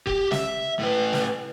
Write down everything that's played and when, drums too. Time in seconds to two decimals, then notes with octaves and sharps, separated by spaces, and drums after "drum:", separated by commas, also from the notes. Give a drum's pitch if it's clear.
0.07 G4, drum: kick E1
0.32 E5, drum: snare
0.79 A2 B4
1.13 drum: snare